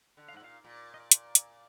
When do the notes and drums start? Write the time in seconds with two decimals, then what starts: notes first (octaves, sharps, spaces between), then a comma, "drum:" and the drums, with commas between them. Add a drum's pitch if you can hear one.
0.17 D3
0.28 F5
0.33 G#2
0.37 F#5
0.41 A#2 F5
0.64 A#2 D5
0.94 D#5
1.00 D5
1.11 drum: hi-hat
1.35 drum: hi-hat